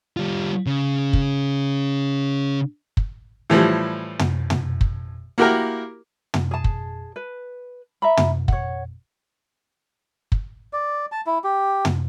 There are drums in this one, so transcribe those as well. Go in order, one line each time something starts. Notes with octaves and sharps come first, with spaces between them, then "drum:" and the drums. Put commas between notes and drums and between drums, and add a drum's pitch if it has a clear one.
G3 F4
C#3
drum: kick
drum: kick
A2 E3 F3 G3
drum: tom
drum: tom
drum: kick
A#3 E4 F#4 G4 A#4
drum: tom
G#4 A5
drum: kick
B4
E5 A#5 B5
drum: tom
C#5 F#5, drum: kick
drum: kick
D5
A5
E4
G4
drum: tom